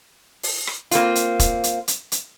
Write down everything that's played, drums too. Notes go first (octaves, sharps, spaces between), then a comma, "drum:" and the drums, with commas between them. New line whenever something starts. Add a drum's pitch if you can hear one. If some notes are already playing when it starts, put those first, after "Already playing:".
drum: open hi-hat
drum: rim click
A#3 C4 F4, drum: hi-hat
drum: hi-hat
drum: kick, hi-hat
drum: hi-hat
drum: hi-hat
drum: hi-hat